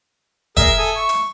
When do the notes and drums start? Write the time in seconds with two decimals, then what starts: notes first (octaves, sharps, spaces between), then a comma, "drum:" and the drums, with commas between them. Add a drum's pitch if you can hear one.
0.57 G#4 A#4 E5, drum: kick F1
0.78 A4 G#5 D#6
0.96 C#6
1.09 drum: hi-hat